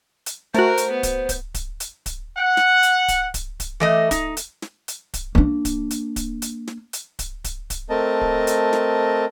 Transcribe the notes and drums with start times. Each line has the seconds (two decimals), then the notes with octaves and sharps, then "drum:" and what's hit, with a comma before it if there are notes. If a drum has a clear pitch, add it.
0.26 drum: hi-hat
0.54 A3 F#4 A#4 C5, drum: snare
0.78 drum: hi-hat
0.91 B3
1.03 drum: kick D1, hi-hat
1.29 drum: kick D1, hi-hat
1.54 drum: kick D1, hi-hat
1.80 drum: hi-hat
2.06 drum: kick D1, hi-hat
2.38 F#5
2.57 drum: snare
2.83 drum: hi-hat
3.08 drum: kick D1, hi-hat
3.34 drum: kick D1, hi-hat
3.60 drum: kick D1, hi-hat
3.80 E3 A3 D#5
4.11 D#4, drum: kick D1, hi-hat
4.37 drum: hi-hat
4.62 drum: snare
4.88 drum: hi-hat
5.14 drum: kick D1, hi-hat
5.35 A#3 D4
5.65 drum: kick D1, hi-hat
5.91 drum: hi-hat
6.16 drum: kick D1, hi-hat
6.42 drum: hi-hat
6.67 drum: snare
6.93 drum: hi-hat
7.19 drum: kick D1, hi-hat
7.44 drum: kick D1, hi-hat
7.70 drum: kick D1, hi-hat
7.90 A3 C4 A#4 D#5 A5
8.21 drum: kick D1
8.47 drum: hi-hat
8.73 drum: snare